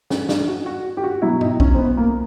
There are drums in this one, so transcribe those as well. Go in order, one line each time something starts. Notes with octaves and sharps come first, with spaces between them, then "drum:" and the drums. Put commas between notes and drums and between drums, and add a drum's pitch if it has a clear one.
C#4, drum: snare
D4, drum: snare
F#4
F#4
G4
F#4
B2 F#3 E4
D#4, drum: tom G#2
C#4, drum: kick B1
C4
B3
A#3